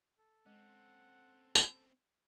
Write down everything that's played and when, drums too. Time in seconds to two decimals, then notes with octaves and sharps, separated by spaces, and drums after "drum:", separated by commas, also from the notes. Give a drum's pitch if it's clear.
0.18 A4
0.46 G#3 C4 C#4 F#5
1.55 drum: tambourine